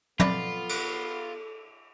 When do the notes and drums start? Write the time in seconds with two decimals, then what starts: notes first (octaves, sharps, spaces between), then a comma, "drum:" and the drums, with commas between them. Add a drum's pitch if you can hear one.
0.20 B3 F4 A4 D5 B5, drum: tom
0.69 drum: cymbal